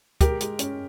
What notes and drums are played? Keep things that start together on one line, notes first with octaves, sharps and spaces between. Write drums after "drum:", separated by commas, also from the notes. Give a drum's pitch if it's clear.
G#3 G4 A#4, drum: kick, hi-hat
G#3, drum: hi-hat
C#4, drum: hi-hat